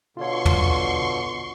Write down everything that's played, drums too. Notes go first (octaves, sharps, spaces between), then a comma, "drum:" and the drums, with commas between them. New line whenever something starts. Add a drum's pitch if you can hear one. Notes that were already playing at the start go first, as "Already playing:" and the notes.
B2 D3 F4 C#5 C6 C#6
drum: tom